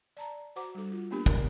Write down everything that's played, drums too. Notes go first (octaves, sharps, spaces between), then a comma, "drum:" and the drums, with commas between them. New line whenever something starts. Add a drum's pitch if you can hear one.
D5 A5 A#5
F#4 C5 F#5 A#5 D6
G3 D4 A4
F4
A#3 B3 D4 G4 A#4
A#4, drum: kick